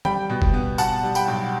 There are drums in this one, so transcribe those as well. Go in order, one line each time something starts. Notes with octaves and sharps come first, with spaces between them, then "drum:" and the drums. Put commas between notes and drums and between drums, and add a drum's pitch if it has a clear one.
G3 G5 B5, drum: tom
B2
drum: kick F1
B3
B2 F#5 A5, drum: tambourine
G3
G5 B5, drum: tambourine
B1